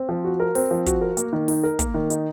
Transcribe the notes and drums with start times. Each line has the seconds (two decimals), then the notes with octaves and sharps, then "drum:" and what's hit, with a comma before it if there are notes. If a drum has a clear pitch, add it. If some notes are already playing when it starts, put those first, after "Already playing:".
Already playing: C4
0.09 F3
0.24 F#4
0.40 A#4
0.55 C4, drum: open hi-hat
0.71 F3
0.86 F#4, drum: kick, hi-hat
1.01 A#4
1.17 A#3, drum: hi-hat
1.33 D#3
1.48 D#4, drum: open hi-hat
1.64 A#4
1.79 A#3, drum: kick, hi-hat
1.94 D#3
2.10 D#4, drum: hi-hat